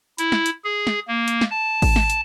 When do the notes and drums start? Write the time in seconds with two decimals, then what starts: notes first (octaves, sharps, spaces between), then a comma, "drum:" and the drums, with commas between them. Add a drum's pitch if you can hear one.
0.18 E4, drum: hi-hat
0.32 drum: snare
0.46 drum: hi-hat
0.64 G#4
0.87 drum: snare
1.08 A#3
1.28 drum: hi-hat
1.41 drum: snare
1.51 A5
1.82 drum: kick G#1, open hi-hat
1.96 drum: snare
2.10 drum: hi-hat